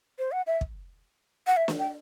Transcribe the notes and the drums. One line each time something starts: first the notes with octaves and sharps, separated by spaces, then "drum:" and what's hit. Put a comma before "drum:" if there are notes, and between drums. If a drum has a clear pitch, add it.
C5
F#5
E5
drum: kick
F#5
E5
drum: snare
G5